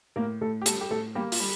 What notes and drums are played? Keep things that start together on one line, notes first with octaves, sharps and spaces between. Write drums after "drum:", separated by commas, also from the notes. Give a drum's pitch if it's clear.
A2 A#3 A#4
A2 A3 A4
G4
G3 A3 A4, drum: hi-hat
G4
A2 A3 A4
G3 A#3 G4
F4, drum: open hi-hat
G3